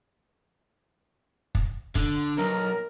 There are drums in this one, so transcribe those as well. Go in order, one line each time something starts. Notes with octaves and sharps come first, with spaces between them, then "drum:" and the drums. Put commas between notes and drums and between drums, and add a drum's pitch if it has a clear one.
drum: kick
D3, drum: kick
B1 A#4